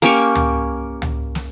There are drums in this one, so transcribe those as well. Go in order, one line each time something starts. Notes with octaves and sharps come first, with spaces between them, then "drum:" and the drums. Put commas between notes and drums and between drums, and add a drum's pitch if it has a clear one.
A#3 C#4 G4 C#6, drum: snare
drum: tom C#2
drum: tom C#2
drum: snare